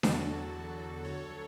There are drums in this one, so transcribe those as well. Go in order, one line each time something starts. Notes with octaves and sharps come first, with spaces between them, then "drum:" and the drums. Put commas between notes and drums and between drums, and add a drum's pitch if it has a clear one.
E2 F#4 A4, drum: snare D4
D3 F#3
E2
D3 F#3
D2 A4 C#5
F#3